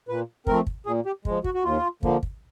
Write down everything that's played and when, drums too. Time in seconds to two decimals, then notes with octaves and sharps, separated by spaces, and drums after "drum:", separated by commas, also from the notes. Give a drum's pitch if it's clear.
0.08 A#2 B4
0.47 F3 A3 C4 A#4, drum: kick
0.67 drum: kick
0.86 A#2 G#4
1.06 G4
1.25 F3 G#3, drum: kick
1.44 F#4, drum: kick
1.54 F#4
1.64 D#2 F4
2.03 D3 F3 A#3, drum: kick
2.23 drum: kick